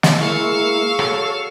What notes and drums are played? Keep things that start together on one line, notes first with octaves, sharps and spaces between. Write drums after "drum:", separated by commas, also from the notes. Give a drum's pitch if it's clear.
drum: snare
G#3 A#3 E4 F5 C#6 E6
F#4 A4 C#5, drum: rim click